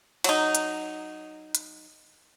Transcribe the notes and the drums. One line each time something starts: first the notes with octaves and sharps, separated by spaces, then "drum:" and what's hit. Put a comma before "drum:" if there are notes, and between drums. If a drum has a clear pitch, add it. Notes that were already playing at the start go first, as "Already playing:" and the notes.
F#3 D#4, drum: cymbal
drum: hi-hat
drum: hi-hat